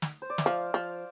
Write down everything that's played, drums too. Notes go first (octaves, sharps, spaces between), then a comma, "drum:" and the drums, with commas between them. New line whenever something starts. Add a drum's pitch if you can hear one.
drum: snare
C5
D5
E5, drum: snare
F3 F5
F3